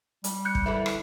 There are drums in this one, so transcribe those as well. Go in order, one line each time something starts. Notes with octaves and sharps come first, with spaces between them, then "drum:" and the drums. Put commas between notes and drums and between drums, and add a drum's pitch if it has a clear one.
G3, drum: hi-hat
F#6 G6 C#7
drum: kick
D3 E3 E4
drum: rim click